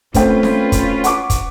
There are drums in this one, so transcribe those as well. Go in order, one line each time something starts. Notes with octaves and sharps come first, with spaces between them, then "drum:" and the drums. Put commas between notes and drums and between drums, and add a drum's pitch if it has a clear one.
A3 C4 C#4 F4 B4 G5, drum: kick, hi-hat
drum: snare
drum: kick, hi-hat
F#5 C#6 D6, drum: hi-hat
drum: kick, hi-hat